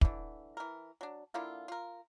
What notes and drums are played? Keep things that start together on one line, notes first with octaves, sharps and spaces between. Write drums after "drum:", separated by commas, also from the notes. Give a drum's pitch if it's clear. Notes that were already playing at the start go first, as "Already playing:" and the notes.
D3 E3, drum: kick
E3 A#4
F#3 D4
D3 A#3 E4 F4
F4 A#4